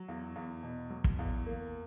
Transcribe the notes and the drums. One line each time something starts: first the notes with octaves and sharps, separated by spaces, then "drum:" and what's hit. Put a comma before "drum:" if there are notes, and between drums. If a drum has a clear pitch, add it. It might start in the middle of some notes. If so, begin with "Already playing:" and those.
Already playing: F#3
E2
E2
B2
F#3
drum: kick
E2
A#3